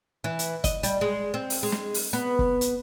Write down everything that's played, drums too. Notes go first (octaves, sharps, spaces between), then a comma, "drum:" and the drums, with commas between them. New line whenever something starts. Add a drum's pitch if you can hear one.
E3
drum: hi-hat
D#5, drum: kick, hi-hat
G3, drum: hi-hat
G#3
C4
drum: open hi-hat
G#3
drum: snare
drum: open hi-hat
B3
drum: kick
drum: hi-hat